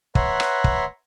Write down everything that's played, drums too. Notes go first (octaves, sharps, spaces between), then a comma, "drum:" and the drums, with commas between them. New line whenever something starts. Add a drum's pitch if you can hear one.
B4 C#5 E5 F#5 A#5 C6, drum: kick
drum: rim click
drum: kick